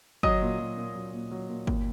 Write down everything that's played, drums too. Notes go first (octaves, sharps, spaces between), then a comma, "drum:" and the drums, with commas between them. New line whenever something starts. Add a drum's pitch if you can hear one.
F#3 D#5 D#6, drum: kick G1
A#2
F#3
A#2
F#3
A#2
F#3
A#2
D#2, drum: kick G1